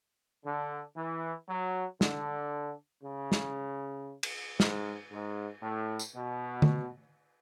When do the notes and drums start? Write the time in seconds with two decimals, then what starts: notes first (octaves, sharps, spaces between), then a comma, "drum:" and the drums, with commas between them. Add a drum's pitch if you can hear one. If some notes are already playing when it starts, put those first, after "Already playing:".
0.45 D3
0.97 E3
1.49 F#3
2.01 D3, drum: snare
3.04 C#3
3.32 drum: snare
4.23 drum: cymbal
4.60 G#2, drum: snare
5.12 G#2
5.63 A2
5.99 drum: tambourine
6.15 B2
6.62 drum: tom